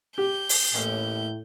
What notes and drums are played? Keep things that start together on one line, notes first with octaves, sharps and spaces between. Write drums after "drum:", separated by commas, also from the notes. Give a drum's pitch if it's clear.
G4 G6
drum: open hi-hat
A1 D#2 A2 C#4